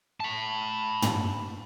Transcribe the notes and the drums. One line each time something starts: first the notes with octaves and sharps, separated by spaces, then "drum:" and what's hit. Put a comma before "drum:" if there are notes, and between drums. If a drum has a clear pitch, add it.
A5 B5
drum: tom